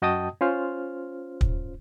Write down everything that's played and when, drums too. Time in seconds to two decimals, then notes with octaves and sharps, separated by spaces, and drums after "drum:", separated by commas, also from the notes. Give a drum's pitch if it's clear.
0.02 F#2 F#4 D#5 G5 A5 D#6
0.41 C#4 F4 C5 F6
1.41 drum: kick